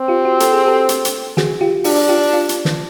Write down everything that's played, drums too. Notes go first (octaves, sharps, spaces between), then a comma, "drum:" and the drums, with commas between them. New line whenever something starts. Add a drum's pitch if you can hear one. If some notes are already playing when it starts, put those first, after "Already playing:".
Already playing: C4
F4 G4
F#4
A4, drum: hi-hat
G#4
G4 A4
drum: hi-hat
drum: hi-hat
F#4 G#4, drum: snare
F4 G4
D4 F4 G4, drum: open hi-hat
F4 G4
F4
drum: hi-hat
drum: snare